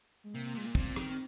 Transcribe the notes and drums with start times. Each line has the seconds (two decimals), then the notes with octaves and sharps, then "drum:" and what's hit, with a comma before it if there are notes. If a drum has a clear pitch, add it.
0.24 G#3
0.34 C3 A#3
0.55 A#2 G#3
0.66 A#3
0.75 A#2 C4, drum: kick
0.96 D#3, drum: rim click
1.10 C4